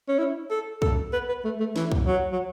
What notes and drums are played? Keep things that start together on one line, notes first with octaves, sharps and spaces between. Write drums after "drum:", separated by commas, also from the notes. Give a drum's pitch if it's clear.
C#4
E4
A4
A4, drum: kick
B4
B4
A3
A3
E3, drum: snare
drum: kick
F#3
F#3